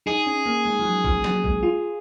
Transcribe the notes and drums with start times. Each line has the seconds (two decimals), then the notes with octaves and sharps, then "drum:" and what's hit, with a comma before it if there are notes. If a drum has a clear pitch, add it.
0.06 D#4 G#4
0.26 C#4
0.46 A#3
0.65 G#3
0.79 F3
0.85 F#3
1.04 F3, drum: kick
1.24 F#3, drum: snare
1.44 G#3, drum: kick
1.63 F4